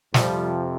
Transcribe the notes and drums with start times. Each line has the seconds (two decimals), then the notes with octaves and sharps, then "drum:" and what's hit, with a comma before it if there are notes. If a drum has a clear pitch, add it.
0.14 F2 C3 F3 G3, drum: snare